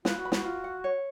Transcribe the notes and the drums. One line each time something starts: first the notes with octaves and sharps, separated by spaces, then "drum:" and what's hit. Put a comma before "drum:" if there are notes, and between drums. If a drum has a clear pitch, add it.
F4 B4, drum: snare
F#4
B5
F#4, drum: snare
F4
F#5
C#5